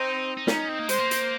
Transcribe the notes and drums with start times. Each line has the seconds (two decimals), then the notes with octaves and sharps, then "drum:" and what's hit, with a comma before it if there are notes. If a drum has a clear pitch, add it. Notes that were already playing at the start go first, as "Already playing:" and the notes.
Already playing: C4 D#4
0.37 D#4
0.47 C#4 D#4, drum: snare
0.69 C4
0.79 A#3
0.89 G#3 C5, drum: hi-hat
0.99 A#3
1.11 drum: hi-hat